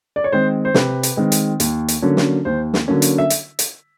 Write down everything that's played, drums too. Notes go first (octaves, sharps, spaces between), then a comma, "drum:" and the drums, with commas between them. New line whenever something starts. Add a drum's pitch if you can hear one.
D5
C#5
D#3 G#3 C4 C5
C5
C3 B4, drum: snare
drum: hi-hat
D#3 G#3 C4
drum: hi-hat
D#2, drum: hi-hat
drum: hi-hat
D3 F#3 A#3 C#4
drum: snare
D#2 C5
drum: snare
D3 F#3 A#3 C#4
drum: hi-hat
E5
drum: hi-hat
drum: hi-hat